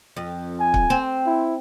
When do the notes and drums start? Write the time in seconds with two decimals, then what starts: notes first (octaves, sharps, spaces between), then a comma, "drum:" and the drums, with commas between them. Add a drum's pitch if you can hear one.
0.16 F2
0.60 G#5
0.74 drum: kick
0.90 C4
1.27 E4